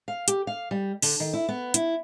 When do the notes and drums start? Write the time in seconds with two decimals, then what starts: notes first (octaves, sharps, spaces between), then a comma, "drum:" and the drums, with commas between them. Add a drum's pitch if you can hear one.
0.08 F5
0.28 G4, drum: hi-hat
0.47 F5
0.71 G3
1.02 D3, drum: open hi-hat
1.20 D#3
1.33 E4
1.49 B3
1.74 E4, drum: hi-hat